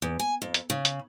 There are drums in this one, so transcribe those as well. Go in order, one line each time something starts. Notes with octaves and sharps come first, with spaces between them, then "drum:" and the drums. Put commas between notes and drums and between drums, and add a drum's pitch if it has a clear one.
E2
G#5
F2
drum: hi-hat
C#3
drum: hi-hat